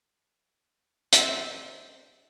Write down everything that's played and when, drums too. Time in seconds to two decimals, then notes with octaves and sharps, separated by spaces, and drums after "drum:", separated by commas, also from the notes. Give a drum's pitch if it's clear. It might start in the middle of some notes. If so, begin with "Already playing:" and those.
1.13 C4 E5, drum: hi-hat